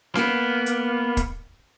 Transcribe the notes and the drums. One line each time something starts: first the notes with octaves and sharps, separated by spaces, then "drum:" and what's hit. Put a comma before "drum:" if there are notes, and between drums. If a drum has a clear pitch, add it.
A#3 B3, drum: snare C#4
drum: hi-hat
drum: kick, hi-hat